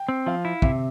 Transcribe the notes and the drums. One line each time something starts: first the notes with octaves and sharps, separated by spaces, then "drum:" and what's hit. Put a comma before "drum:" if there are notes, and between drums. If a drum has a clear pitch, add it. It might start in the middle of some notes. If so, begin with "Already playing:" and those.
Already playing: G5
C4
F3 F5
E4
C3 E5, drum: kick